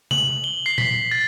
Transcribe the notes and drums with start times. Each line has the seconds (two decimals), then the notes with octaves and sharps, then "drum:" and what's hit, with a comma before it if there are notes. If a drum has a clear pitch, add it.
0.11 F#7, drum: tom C3
0.44 G7
0.66 C7
0.78 B6, drum: tom A#2
1.11 A6